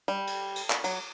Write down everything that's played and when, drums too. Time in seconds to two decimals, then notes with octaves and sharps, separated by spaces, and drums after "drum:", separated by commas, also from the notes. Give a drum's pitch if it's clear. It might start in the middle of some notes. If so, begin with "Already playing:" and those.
0.08 G3
0.27 drum: cymbal
0.56 drum: cymbal
0.70 drum: clap
0.84 F#3, drum: cymbal